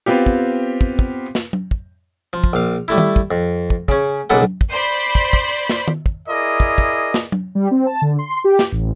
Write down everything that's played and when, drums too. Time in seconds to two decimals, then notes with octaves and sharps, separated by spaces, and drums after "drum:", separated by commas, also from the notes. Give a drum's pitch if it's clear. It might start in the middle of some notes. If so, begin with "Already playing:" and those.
0.06 B3 C4 F4 G4
0.26 drum: kick
0.81 drum: kick
0.99 drum: kick
1.35 drum: snare
1.53 drum: tom F#3
1.71 drum: kick
2.33 F3
2.44 drum: kick
2.53 A#1 F5
2.88 G3 A3 E4
2.98 drum: tom D#3
3.16 drum: kick
3.31 F2
3.70 drum: kick
3.88 C#3 C#4, drum: kick
4.30 B1 C#3 A#3 A4 B4 F#5
4.43 drum: tom F#3
4.61 drum: kick
4.71 C5 D5 B5
5.15 drum: kick
5.33 drum: kick
5.69 drum: snare
5.88 drum: tom D#3
6.06 drum: kick
6.28 E4 G#4 A#4 D5 D#5
6.60 drum: kick
6.78 drum: kick
7.14 drum: snare
7.32 drum: tom F#3
7.55 G3
7.71 C4
7.87 A5
8.02 D3
8.19 C6
8.44 G4
8.59 drum: snare
8.72 A1